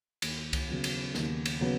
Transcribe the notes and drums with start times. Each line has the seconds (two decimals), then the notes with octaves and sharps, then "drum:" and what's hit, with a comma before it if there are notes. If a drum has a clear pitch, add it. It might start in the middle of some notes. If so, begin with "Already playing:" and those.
0.22 D#2, drum: cymbal
0.53 drum: kick C2, cymbal
0.69 C#3 F#3 B3
0.84 drum: cymbal
1.14 D#2, drum: snare
1.46 drum: cymbal
1.61 C#3 F#3 B3